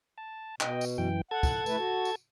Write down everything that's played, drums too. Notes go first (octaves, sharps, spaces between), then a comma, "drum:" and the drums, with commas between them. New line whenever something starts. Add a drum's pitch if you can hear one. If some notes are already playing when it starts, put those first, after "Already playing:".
A5
B2 D#5 G5, drum: clap
drum: tambourine
F#2 E3 G5
A4 F#5 A5 G#6
drum: kick, tambourine
A3 E4 B4, drum: tambourine
F#4
drum: tambourine